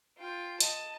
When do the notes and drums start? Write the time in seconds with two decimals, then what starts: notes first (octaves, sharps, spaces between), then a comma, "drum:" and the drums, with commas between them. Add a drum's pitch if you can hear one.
0.18 F4 G5
0.60 D#5 A5, drum: hi-hat